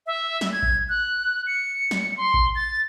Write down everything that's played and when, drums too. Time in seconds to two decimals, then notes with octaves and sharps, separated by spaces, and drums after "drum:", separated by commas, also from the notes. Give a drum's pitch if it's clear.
0.06 E5
0.41 drum: snare
0.53 G#6
0.63 drum: kick A1
0.89 F#6
1.47 C#7
1.91 drum: snare
2.17 C6
2.34 drum: kick A1
2.55 A6